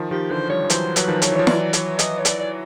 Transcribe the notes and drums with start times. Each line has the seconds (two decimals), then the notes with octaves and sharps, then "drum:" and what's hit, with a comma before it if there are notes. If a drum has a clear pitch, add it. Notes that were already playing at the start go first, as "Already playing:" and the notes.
Already playing: D#3 F3
0.11 D#3 F3 G4
0.31 D3 E3 C5
0.50 F3 G3 C#5
0.64 F3
0.70 E3 F#3 C5, drum: hi-hat
0.96 F#3 B4, drum: hi-hat
1.08 D#3 F3
1.22 C#5, drum: hi-hat
1.32 E3
1.36 F3 C#5
1.47 E3 F#3 D5, drum: snare
1.73 C#5, drum: hi-hat
1.99 D#5, drum: hi-hat
2.19 C#5
2.25 D5, drum: hi-hat
2.39 D5